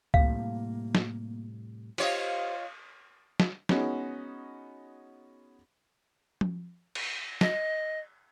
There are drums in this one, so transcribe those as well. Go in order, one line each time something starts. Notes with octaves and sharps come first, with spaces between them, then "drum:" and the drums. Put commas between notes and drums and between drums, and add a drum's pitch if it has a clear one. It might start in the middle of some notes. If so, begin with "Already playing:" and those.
A2 C3 G3 A#3 F5, drum: kick C#2
drum: snare
F4 G4 C5 C#5 D#5, drum: cymbal
drum: snare
G#3 B3 C#4 D#4 F#4, drum: snare
drum: tom F3
drum: cymbal
D#5, drum: snare